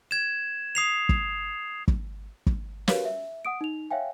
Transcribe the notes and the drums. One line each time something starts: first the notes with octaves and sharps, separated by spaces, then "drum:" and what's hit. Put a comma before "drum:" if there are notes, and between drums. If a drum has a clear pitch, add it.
G#6 E7
D#6 C7 F7
drum: kick
drum: kick
drum: kick
F#4 G4 A#4 B4 C#5 F5, drum: snare
E5
F#5 D#6 D7
D#4 F7
C#5 E5 F5 G5 G#5